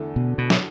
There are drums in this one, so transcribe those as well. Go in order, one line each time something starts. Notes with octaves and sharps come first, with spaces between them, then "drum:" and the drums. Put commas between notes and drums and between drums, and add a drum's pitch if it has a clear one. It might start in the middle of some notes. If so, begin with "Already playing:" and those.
Already playing: E2 D3 A3 E4 A4
B2
B2
drum: snare